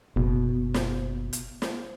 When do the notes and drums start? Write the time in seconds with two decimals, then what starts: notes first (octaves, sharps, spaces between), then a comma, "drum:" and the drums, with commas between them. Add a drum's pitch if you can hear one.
0.16 F#1 B2
0.74 drum: snare
1.33 drum: hi-hat
1.62 drum: snare